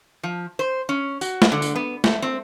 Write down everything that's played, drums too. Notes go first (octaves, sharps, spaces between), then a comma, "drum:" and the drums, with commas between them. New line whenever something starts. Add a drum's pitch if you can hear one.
F3
C5
C#4
F#4, drum: tambourine
drum: snare
D3
drum: tambourine
B3
A3, drum: snare
C4